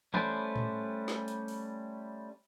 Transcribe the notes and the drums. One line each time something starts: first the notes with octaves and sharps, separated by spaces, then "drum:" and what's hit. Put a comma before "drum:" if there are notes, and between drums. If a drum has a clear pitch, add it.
G3 A3 C#4 B4 C5 D5, drum: tom E3
drum: tom A2
drum: snare
drum: hi-hat
drum: open hi-hat